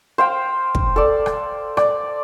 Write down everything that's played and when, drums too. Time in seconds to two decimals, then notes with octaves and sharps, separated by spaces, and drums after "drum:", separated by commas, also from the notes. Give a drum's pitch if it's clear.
0.18 C5 F5 G5
0.75 drum: kick
0.96 A4 D5
1.26 drum: rim click
1.77 D5, drum: rim click